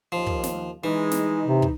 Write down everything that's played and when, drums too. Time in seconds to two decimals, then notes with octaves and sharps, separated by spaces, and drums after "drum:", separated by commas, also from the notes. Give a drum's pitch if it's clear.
0.12 D#2 F3
0.26 drum: kick
0.43 drum: snare
0.84 E3 G#3 D#4
1.11 drum: snare
1.45 C3
1.62 drum: kick